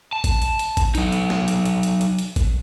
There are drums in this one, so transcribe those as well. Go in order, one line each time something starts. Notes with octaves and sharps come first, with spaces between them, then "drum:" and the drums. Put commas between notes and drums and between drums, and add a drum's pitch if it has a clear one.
A5
drum: kick A1, hi-hat
drum: hi-hat
drum: hi-hat
drum: kick A1, hi-hat
F#3 D#4, drum: hi-hat
drum: hi-hat
drum: snare
drum: hi-hat
drum: hi-hat
drum: hi-hat
drum: hi-hat
drum: hi-hat
drum: kick A1, hi-hat